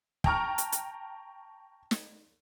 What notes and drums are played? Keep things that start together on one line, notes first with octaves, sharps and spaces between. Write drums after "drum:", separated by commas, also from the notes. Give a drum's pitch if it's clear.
G5 A5 A#5 C#6 F6, drum: kick
drum: hi-hat
drum: hi-hat
drum: snare